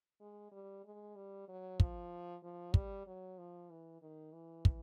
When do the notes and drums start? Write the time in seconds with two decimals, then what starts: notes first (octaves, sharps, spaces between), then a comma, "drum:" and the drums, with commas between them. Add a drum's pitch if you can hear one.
0.21 G#3
0.52 G3
0.85 G#3
1.16 G3
1.48 F#3
1.80 F3, drum: kick
2.43 F3
2.74 G3, drum: kick
3.07 F#3
3.38 F3
3.70 E3
4.02 D#3
4.33 E3
4.65 drum: kick